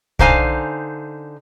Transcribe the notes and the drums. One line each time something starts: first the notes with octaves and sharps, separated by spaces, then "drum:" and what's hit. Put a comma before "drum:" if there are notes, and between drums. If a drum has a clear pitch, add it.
D3 D#4 C5 F5 G#5, drum: kick